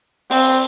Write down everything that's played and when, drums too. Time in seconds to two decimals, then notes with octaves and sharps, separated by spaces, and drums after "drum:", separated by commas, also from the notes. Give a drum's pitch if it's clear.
0.31 C4, drum: open hi-hat